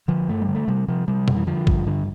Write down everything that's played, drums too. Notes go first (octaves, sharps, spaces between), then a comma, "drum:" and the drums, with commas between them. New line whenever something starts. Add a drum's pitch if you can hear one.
D3 F3
G2 A3
G3
D3
A3
C3 G3
C3 F3
C3 G3
F2, drum: tom B2
E3
D3 F3
G2, drum: kick
D3